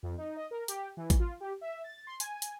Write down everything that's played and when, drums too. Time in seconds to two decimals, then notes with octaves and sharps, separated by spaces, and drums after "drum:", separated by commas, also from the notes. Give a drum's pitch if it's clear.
0.03 F2
0.18 D#4
0.36 D#5
0.51 A#4
0.68 G4, drum: hi-hat
0.97 E3
1.10 drum: kick A1, hi-hat
1.19 F4
1.40 G4
1.61 E5
1.84 A6
2.07 C6
2.20 G#5, drum: hi-hat
2.42 drum: hi-hat